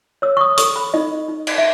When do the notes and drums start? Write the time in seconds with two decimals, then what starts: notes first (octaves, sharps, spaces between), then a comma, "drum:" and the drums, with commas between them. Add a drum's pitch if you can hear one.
0.22 C#5 E6
0.37 C#6
0.41 D#6
0.57 A4 C#6, drum: hi-hat
0.76 B5
0.94 D#4 D#5
1.28 D#4
1.47 drum: cymbal
1.58 E5